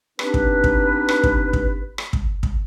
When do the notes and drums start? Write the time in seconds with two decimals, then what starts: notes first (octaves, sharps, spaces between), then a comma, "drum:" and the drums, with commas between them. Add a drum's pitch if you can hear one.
0.19 B3 C4 D4 D#4 G4 B4, drum: rim click
0.34 drum: kick
0.64 drum: kick
1.09 drum: rim click
1.23 drum: kick
1.53 drum: kick
1.98 drum: rim click
2.13 drum: kick
2.43 drum: kick